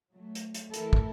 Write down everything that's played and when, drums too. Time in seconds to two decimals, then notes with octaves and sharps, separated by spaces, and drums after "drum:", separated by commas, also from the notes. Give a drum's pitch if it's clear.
0.13 F#3 A3
0.35 drum: hi-hat
0.55 drum: hi-hat
0.74 E3 A3 E4 A4 A#4, drum: hi-hat
0.93 drum: kick